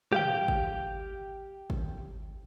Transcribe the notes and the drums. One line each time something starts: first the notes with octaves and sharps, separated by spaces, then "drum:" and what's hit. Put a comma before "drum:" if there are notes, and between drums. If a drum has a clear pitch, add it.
G4 F5 G5, drum: tom
drum: kick
drum: kick